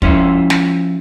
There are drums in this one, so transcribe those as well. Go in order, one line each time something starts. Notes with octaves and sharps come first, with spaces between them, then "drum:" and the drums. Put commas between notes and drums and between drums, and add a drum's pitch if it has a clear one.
F3 C#4 E4 F4, drum: kick
drum: snare